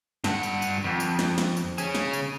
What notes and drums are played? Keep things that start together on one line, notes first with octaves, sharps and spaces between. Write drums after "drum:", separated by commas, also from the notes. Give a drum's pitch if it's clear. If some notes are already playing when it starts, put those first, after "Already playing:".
G2 F#5, drum: snare
drum: tambourine
drum: tambourine
F2
drum: tambourine
drum: snare
drum: snare
drum: tambourine
C#4 G#4, drum: tambourine
drum: snare
drum: tambourine